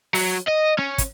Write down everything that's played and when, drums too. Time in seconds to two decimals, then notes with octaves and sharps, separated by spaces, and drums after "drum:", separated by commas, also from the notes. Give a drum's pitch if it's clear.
0.15 F#3, drum: open hi-hat
0.48 D#5
0.79 C#4
0.98 drum: kick, hi-hat